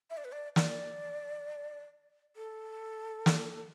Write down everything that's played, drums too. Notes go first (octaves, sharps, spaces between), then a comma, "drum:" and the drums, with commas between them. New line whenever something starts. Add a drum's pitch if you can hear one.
E5
D5
B4
D5
D5, drum: snare
A4
drum: snare